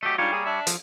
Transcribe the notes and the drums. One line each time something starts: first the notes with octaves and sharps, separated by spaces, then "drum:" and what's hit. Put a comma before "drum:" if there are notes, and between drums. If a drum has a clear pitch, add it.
F#3 A3 G4 D#5
G#2 G3 D4 F4 C#5
A#3 G#4
D4 E5
F3, drum: hi-hat